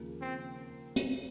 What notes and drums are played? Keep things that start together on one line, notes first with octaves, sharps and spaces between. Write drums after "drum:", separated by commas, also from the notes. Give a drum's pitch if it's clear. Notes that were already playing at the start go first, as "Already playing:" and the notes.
Already playing: D#2 C#3 F3 A#3
C4
drum: hi-hat